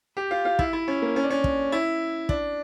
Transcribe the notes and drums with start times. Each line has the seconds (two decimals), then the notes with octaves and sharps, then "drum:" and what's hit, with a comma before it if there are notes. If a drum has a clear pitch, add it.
0.17 G4
0.31 F4
0.45 F4
0.59 E4, drum: kick
0.73 E4
0.88 C#4
1.02 A#3
1.16 C#4
1.23 D4
1.30 C#4
1.44 drum: kick
1.72 E4
2.29 D4, drum: kick